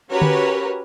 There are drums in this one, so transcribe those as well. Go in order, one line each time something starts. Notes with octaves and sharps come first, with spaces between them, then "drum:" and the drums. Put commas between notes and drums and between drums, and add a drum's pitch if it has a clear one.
C#4 F#4 G4 A#4 B4 C#5
drum: tom D3